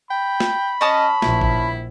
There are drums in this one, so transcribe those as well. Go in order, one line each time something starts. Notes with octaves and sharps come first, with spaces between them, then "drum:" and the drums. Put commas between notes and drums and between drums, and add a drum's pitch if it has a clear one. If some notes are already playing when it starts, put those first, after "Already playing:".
G5 B5
drum: snare
C#4 D#5 A5 D#6
A#1 E4, drum: snare
drum: kick G#1